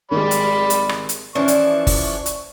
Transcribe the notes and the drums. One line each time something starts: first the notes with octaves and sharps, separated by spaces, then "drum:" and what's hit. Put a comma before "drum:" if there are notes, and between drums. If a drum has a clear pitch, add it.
G#1 G3 G#3 D5 B5
drum: hi-hat
drum: hi-hat
drum: rim click
drum: hi-hat
E3 F3 C#4 D4 C#6
drum: hi-hat
drum: kick, open hi-hat
drum: hi-hat